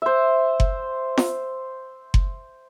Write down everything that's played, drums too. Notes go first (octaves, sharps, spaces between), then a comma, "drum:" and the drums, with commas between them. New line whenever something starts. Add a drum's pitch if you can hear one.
C5 E5
drum: kick F#1
drum: snare
drum: kick F#1